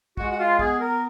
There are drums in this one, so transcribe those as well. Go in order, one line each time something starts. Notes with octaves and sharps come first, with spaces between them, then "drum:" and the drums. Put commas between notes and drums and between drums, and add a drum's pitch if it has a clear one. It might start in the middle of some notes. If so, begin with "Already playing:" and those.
G#3 F#4, drum: kick
F#4
F4
B3 G#4, drum: kick
A#4